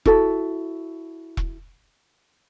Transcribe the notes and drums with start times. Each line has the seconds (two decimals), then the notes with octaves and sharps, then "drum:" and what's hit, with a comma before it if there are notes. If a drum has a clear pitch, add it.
0.05 E4 F#4 A4, drum: kick E1
1.37 drum: kick E1